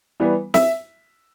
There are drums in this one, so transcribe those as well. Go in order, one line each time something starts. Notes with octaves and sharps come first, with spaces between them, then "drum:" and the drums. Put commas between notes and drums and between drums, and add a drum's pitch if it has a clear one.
E3 G3 B3
E5, drum: snare